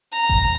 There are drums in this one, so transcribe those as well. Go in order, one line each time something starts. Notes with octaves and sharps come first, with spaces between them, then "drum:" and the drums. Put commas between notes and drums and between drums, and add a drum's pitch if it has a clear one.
A#5
drum: kick F#1